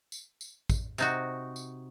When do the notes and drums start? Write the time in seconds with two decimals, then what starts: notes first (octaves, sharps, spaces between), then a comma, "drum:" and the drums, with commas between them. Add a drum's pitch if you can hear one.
0.12 drum: tambourine
0.41 drum: tambourine
0.70 drum: kick, tambourine
0.98 C3 D#4 F#4, drum: tambourine
1.56 drum: tambourine